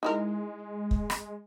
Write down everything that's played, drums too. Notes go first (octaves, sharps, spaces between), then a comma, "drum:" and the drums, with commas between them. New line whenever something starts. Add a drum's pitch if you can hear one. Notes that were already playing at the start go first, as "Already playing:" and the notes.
G#3 D#4 E4 A#4
drum: kick
drum: rim click